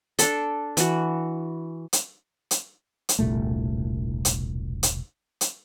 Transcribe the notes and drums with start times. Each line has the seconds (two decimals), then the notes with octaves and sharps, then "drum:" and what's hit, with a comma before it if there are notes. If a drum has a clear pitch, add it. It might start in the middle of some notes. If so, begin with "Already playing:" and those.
0.19 D4 A4, drum: hi-hat
0.77 E3 F#4, drum: hi-hat
1.93 drum: hi-hat
2.51 drum: hi-hat
3.09 drum: hi-hat
3.19 E1 C2 A#2 A3
4.25 drum: hi-hat
4.83 drum: hi-hat
5.41 drum: hi-hat